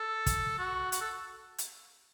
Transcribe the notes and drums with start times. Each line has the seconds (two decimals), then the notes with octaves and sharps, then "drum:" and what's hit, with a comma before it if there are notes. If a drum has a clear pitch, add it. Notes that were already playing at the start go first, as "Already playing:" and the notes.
Already playing: A4
0.26 drum: kick, hi-hat
0.59 F#4
0.92 F#4, drum: hi-hat
1.01 A4
1.58 drum: hi-hat